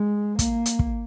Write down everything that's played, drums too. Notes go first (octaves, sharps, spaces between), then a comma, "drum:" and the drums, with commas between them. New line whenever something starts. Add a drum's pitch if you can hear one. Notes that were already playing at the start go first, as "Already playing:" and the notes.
Already playing: G#3
A#3, drum: kick, hi-hat
drum: hi-hat
drum: kick